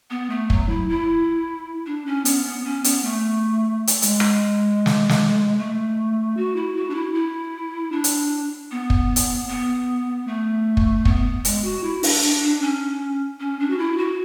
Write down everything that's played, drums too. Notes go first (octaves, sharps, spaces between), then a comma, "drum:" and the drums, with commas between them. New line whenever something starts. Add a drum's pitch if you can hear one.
B3
A3
F#3, drum: kick
E4
E4
D4
C#4
B3, drum: hi-hat
B3
C#4
B3, drum: hi-hat
A3
drum: hi-hat
G#3, drum: hi-hat
drum: rim click
drum: snare
drum: snare
A3
F#4
E4
F#4
D4
E4
E4
D4
drum: hi-hat
B3
drum: kick
drum: hi-hat
B3
A3
drum: kick
B3, drum: kick
G#3, drum: hi-hat
F#4
E4
D4, drum: open hi-hat
D4
D4
C#4
C#4
D4
F#4
E4
F#4